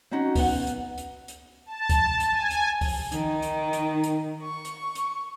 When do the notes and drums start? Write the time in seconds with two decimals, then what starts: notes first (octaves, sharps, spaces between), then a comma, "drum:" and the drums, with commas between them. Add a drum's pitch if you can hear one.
0.11 C4 C#4 D#4 F#4
0.35 B3 F#5, drum: kick C#2, open hi-hat
0.67 drum: hi-hat
0.98 drum: hi-hat
1.28 drum: hi-hat
1.66 A5
1.89 drum: kick C#2, hi-hat
2.20 drum: hi-hat
2.32 G#5
2.51 drum: hi-hat
2.81 drum: kick C#2, open hi-hat
3.12 D#3, drum: hi-hat
3.42 drum: hi-hat
3.73 drum: hi-hat
4.04 drum: hi-hat
4.42 C#6
4.65 drum: hi-hat
4.95 drum: hi-hat